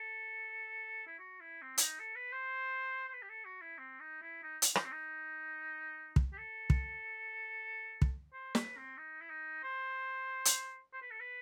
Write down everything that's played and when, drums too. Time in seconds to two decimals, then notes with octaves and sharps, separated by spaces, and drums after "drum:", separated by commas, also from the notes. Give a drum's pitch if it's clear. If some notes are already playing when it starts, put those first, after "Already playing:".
Already playing: A4
1.07 E4
1.19 F#4
1.40 E4
1.62 C4
1.78 E4, drum: hi-hat
1.83 D#4
2.00 A4
2.16 B4
2.32 C5
3.08 C5
3.13 B4
3.22 G4
3.29 A4
3.45 F#4
3.61 E4
3.78 C4
4.00 D#4
4.22 E4
4.43 D#4
4.62 drum: hi-hat
4.75 D#4, drum: rim click
4.85 C4
4.92 D#4
6.16 drum: kick
6.33 G4
6.38 A4
6.70 drum: kick
8.02 drum: kick
8.33 C5
8.55 B4, drum: snare
8.77 C4
8.98 D#4
9.21 E4
9.30 D#4
9.63 C5
10.45 drum: hi-hat
10.93 C5
11.02 B4
11.11 A4
11.20 B4